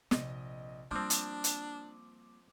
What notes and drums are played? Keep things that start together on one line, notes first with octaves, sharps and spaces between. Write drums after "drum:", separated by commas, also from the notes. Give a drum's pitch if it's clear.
A#1 C3 D#5, drum: snare
F3 G3 A#3 C4 D4 D6
drum: hi-hat
drum: hi-hat